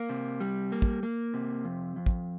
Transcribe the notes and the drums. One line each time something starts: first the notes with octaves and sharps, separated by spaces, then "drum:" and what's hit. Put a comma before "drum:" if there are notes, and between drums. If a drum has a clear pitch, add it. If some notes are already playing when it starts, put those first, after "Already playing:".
Already playing: A#3
C3
G3
A#3
drum: kick
A#3
C3
F2
F2
drum: kick